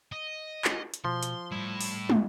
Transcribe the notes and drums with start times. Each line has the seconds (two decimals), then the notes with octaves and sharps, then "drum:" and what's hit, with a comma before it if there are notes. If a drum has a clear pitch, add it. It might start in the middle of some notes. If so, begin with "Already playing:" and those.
0.12 D#5
0.65 drum: clap
0.94 drum: hi-hat
1.05 B2 F3 C6
1.23 drum: hi-hat
1.52 A2 G3 E4
1.81 drum: open hi-hat
2.09 drum: tom